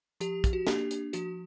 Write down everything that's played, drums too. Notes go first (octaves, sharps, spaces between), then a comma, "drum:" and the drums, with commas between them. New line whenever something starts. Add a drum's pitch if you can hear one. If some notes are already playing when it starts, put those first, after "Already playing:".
F3 G4, drum: hi-hat
drum: kick, hi-hat
F#4
A#3 D4 G4, drum: snare
drum: hi-hat
F3 F#4, drum: hi-hat